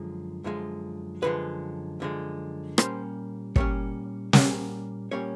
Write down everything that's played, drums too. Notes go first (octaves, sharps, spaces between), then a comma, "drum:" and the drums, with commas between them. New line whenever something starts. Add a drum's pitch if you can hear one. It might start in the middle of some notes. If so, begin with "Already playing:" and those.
Already playing: F#2 D3 F3 G#3
F#2 D3 F3 G#3
F#2 D3 F3 G#3 B4
F#2 D3 F3 G#3
A#2 G3 A#3 C#4 C5, drum: rim click
A#2 G3 A#3 C#4 C#5, drum: kick
A#2 G3 A#3 C#4, drum: snare
A#2 G3 A#3 C#4 C#5